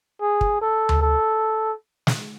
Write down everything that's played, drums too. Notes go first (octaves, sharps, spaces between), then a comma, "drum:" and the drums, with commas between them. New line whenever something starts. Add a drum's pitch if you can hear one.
G#4
drum: kick
A4
drum: tom D2
A4
drum: snare